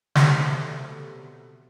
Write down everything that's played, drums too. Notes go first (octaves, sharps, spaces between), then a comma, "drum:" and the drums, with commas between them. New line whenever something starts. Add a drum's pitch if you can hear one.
B2 F#3 G3 A3 C4, drum: snare